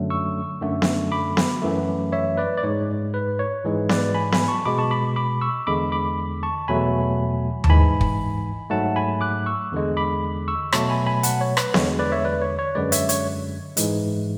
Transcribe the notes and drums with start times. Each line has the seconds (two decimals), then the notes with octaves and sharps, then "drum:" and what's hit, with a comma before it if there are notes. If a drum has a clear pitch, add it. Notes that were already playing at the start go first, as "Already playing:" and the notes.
Already playing: F#2 D3 F#3 A3
0.10 C#6 E6
0.61 F#2 D3 A3
0.82 drum: snare B3
1.12 B5 D6
1.37 drum: snare B3
1.62 F#2 E3 A3
2.12 C#5 E5
2.37 B4 D5
2.57 D5
2.63 G#2 G#3 C#5
3.14 B4
3.39 C#5
3.65 G#2 E3 G#3
3.89 B4 D5, drum: snare B3
4.14 G#5 B5
4.32 G#5 B5, drum: snare B3
4.48 A5 C#6
4.65 B2 G#3 B5 D6
4.78 A5 C#6
4.91 B5 D6
5.16 B5 D6
5.41 C#6 E6
5.67 E2 D3 G#3 B5 D6
5.92 B5 D6
6.43 A5 C#6
6.68 E2 B2 F#3 A3 G#5 B5
7.64 A5, drum: tom D#2
7.69 G#2 E3 G#3 G#5 B5
8.01 drum: kick
8.70 G#2 F#3 A3 F#5 A5
8.96 G#5 B5
9.21 D6 F#6
9.46 C#6 E6
9.72 E2 D3 G#3
9.97 B5 D6
10.48 C#6 E6
10.72 B2 F#3 A3 A5 C#6, drum: rim click
10.90 G#5 B5
11.06 G#5 B5
11.23 F#5 A5, drum: hi-hat
11.41 C#5
11.57 B4, drum: rim click
11.74 E2 D3 G#3 C#5, drum: snare B3
11.99 B4 D5
12.12 C#5 E5
12.24 B4 D5
12.42 C#5
12.59 C#5
12.75 F#2 D3 G#3 B4 D5
12.92 C#5 E5, drum: hi-hat
13.09 C#5, drum: hi-hat
13.77 G#2 E3 G#3, drum: hi-hat